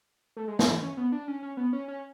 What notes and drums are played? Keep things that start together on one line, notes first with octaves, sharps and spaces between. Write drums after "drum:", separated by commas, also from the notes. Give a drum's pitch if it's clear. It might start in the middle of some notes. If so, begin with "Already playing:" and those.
A3
G#3
F#3, drum: snare
E3
C#4
B3
D4
C#4
C#4
B3
C#4
C#4